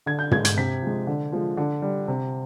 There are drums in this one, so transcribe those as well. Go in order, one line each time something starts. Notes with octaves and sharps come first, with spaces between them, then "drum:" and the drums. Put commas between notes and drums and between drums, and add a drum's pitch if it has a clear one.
D3 G#6
G6
G#3 G#6, drum: tom
G#6, drum: hi-hat
C3 B6
F3 G#3
D3
F3 G#3
D3
G3
C3